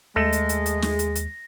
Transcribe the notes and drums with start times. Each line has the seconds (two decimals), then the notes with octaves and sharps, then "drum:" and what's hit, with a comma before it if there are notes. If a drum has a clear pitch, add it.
0.16 D#2 G#3 A3 A4 A#6
0.33 drum: hi-hat
0.49 drum: hi-hat
0.66 drum: hi-hat
0.82 drum: snare
0.99 drum: hi-hat
1.16 drum: hi-hat